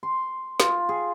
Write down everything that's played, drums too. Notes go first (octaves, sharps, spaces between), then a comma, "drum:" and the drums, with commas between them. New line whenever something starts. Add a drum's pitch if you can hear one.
C6
F4, drum: snare
G#4